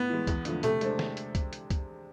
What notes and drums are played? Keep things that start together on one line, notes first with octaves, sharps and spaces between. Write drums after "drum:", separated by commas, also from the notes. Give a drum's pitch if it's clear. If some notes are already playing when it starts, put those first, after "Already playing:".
Already playing: A2 B3
E3 G#3
E2, drum: kick, hi-hat
D3 F3 A3, drum: hi-hat
C3 A3, drum: hi-hat
G#3 D4 A4 C5, drum: hi-hat
drum: snare
drum: hi-hat
drum: kick, hi-hat
drum: hi-hat
drum: kick, hi-hat